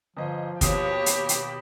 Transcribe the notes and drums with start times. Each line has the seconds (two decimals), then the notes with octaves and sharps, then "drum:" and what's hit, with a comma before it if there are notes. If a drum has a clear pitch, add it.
0.17 G1 F3 D#5
0.61 D#2 B2 G4 C#5 B5, drum: kick, hi-hat
1.06 drum: hi-hat
1.29 drum: hi-hat